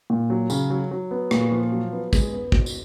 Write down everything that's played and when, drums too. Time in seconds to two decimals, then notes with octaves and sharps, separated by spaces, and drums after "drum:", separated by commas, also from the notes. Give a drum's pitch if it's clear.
0.10 A#2
0.30 F#3
0.50 C#3, drum: tambourine
0.70 F#3
0.91 F#3
1.11 B3
1.31 A#2, drum: rim click
1.51 F3
1.72 F#3
1.93 B3
2.13 G#3, drum: kick, tambourine
2.32 B3
2.52 B2, drum: kick
2.66 drum: tambourine